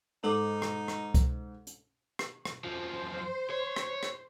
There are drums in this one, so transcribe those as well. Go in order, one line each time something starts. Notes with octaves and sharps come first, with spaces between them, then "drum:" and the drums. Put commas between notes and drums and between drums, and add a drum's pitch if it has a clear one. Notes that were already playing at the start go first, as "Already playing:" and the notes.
G#2 D#4 A4 D6
drum: rim click
drum: rim click
drum: kick C2, hi-hat
drum: hi-hat
drum: rim click
drum: rim click
F#2 F3 C5
C#5
drum: rim click
drum: rim click